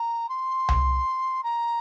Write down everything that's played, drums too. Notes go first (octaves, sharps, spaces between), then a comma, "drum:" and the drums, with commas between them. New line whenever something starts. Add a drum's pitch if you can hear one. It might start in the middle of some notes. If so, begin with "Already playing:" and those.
Already playing: A#5
C6
drum: tom C2
A#5